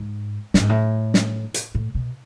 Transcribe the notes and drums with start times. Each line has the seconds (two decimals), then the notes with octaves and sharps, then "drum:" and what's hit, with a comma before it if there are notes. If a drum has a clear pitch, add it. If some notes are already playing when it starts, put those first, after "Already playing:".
Already playing: G#2
0.54 A2, drum: snare
0.61 G#2
0.69 A2
1.14 drum: snare
1.54 drum: hi-hat
1.75 A2
1.95 B2